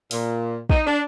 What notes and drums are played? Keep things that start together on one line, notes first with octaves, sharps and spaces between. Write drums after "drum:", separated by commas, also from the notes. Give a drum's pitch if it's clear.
A#2, drum: open hi-hat
D#4, drum: kick
D4